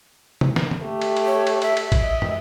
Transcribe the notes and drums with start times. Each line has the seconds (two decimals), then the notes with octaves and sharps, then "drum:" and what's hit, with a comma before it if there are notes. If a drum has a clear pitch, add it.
0.41 drum: tom
0.56 drum: snare
0.71 drum: tom D3
0.82 A3 G4
1.01 drum: cymbal
1.17 drum: cymbal
1.26 C#5
1.47 drum: cymbal
1.62 E5, drum: cymbal
1.77 drum: cymbal
1.92 drum: kick, cymbal
2.02 D#5
2.22 drum: tom